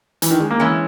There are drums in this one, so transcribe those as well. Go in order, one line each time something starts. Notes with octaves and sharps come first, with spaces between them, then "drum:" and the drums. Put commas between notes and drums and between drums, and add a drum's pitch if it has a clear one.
E3, drum: hi-hat
D#3
G#3
A#3
E3 G#3 C#4